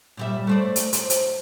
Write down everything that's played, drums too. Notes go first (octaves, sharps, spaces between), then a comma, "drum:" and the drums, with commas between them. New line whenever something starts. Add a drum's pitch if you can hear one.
A#2 G3 E5
A3 C5 D5
drum: hi-hat
C5, drum: hi-hat
drum: hi-hat